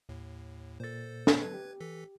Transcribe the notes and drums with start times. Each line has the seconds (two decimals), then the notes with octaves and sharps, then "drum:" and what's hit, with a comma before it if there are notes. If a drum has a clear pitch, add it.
0.09 D#2 A2
0.80 A#2 A4 C5 A6
1.27 drum: snare
1.42 F#3 A4 B4 G#6
1.54 G4
1.80 E3 A4 B6